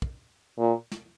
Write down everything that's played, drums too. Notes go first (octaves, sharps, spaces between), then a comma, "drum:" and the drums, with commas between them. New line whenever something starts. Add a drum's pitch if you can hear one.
drum: kick
A#2
drum: snare